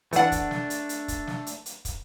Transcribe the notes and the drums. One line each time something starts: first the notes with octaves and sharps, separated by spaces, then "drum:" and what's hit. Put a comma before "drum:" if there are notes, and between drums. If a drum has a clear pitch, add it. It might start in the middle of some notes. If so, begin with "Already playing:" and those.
E3 A3 D4 F#5, drum: hi-hat
drum: kick, hi-hat
drum: snare
drum: hi-hat
drum: hi-hat
drum: kick, hi-hat
drum: snare
drum: hi-hat
drum: hi-hat
drum: kick, hi-hat